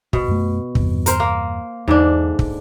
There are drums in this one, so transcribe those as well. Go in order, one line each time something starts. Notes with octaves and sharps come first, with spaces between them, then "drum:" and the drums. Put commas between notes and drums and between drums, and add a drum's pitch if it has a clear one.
B2, drum: kick
F#2 A3
E2 G2 C3, drum: kick
A#4 C5, drum: hi-hat
A#3
E2 G#2 D3 D4
drum: kick